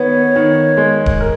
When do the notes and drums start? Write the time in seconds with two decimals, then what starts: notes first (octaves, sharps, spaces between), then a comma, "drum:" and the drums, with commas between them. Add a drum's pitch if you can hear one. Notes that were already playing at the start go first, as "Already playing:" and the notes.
Already playing: D#3 B3 C#5
0.36 D#3
0.77 G#3
1.06 drum: kick D1
1.20 A#4